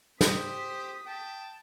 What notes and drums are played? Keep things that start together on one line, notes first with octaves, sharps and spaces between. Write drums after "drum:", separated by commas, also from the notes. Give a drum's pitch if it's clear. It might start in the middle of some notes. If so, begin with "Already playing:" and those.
G4 C5 D#6 B6, drum: snare
G5 A5